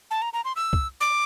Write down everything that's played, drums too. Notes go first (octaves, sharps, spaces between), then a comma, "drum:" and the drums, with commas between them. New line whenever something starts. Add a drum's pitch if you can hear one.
A5
A#5
A#5
C6
E6
drum: kick
D6